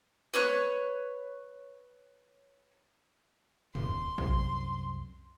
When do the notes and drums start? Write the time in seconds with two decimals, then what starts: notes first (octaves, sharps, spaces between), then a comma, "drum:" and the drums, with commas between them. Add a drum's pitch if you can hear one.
0.34 B4 C#5 C#6 F#6, drum: snare
3.75 D#1 C6, drum: tom
4.18 C2 F#2, drum: kick A#1